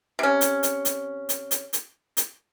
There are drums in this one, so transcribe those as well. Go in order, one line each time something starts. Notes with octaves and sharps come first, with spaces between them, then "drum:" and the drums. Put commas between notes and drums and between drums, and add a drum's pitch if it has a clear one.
C3 C#4
drum: hi-hat
drum: hi-hat
drum: hi-hat
drum: hi-hat
drum: hi-hat
drum: hi-hat
drum: hi-hat